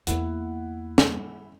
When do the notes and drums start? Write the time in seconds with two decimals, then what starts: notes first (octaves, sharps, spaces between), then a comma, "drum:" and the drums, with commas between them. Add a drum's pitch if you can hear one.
0.07 E2 A#3 E4 F#5, drum: hi-hat
0.98 drum: snare